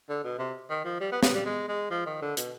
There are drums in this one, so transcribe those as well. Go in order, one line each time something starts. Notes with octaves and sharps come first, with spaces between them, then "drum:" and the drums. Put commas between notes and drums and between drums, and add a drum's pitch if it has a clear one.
D3
B2
C3
D#3
F3
G3
B3
B3, drum: snare
G3
G#3
G#3
F3
D#3
D3
B2, drum: hi-hat